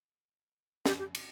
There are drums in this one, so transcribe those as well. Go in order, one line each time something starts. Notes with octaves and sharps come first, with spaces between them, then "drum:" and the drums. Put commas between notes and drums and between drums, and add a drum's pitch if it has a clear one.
G4, drum: snare
G4
drum: cymbal